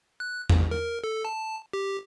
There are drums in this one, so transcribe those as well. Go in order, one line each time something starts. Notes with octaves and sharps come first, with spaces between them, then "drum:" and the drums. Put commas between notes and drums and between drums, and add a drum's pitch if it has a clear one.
F#6
A1, drum: tom E2
A#4
A4
A5
G4